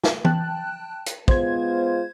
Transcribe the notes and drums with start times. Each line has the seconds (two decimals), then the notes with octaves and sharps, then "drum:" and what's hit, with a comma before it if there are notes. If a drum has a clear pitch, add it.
0.03 drum: snare
0.25 G5 A5 F#6, drum: tom
1.06 drum: hi-hat
1.28 G#3 B3 F4 C5 G#6, drum: kick